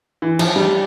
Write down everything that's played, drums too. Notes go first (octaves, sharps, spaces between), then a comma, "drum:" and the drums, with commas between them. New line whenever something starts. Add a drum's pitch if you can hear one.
E3
F3, drum: cymbal
G3